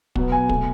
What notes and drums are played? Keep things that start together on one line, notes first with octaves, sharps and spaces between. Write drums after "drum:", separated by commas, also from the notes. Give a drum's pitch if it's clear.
B2 F#3 B3, drum: kick
G#5
B2 A3, drum: kick